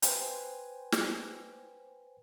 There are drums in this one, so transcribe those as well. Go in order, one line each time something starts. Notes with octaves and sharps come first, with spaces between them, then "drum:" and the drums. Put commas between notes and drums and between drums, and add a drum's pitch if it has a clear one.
B4 C5 G5 G#5, drum: hi-hat
drum: snare